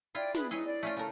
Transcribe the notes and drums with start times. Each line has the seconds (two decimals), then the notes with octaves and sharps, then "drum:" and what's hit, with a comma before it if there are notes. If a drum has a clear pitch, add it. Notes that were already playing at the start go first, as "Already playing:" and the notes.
0.15 E4 F4 D5 G5
0.35 G#4 B4 B5, drum: snare
0.51 D#4 E4 G#4 B4 C#5
0.65 D5
0.83 A3 C#4 F4
0.97 C#3 A4 A#4